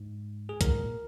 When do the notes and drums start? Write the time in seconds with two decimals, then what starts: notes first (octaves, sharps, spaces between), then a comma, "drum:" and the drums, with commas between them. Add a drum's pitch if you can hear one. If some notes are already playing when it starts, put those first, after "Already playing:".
Already playing: G#2
0.49 G#4
0.61 G#2 A#4, drum: kick, hi-hat
0.80 A#2